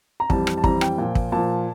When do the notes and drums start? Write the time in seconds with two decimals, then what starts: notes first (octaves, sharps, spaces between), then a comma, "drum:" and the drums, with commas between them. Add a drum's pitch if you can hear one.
0.20 A#5
0.30 F2 E3 G3 A5, drum: kick
0.47 drum: rim click
0.58 A5
0.64 F2 E3 G3 A#5, drum: kick
0.81 G5, drum: rim click
0.98 A#2 F3
1.15 drum: kick
1.32 A#2 F3 A5